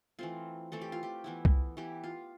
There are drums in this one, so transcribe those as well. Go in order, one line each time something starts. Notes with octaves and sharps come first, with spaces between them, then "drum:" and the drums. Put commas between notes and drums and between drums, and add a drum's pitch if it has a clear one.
E3 A3 C4 F4
E3 A3 C4 A4
G4
F4
G4
E3 B3 E4
drum: kick C2
E3 B3 E4 G4
F4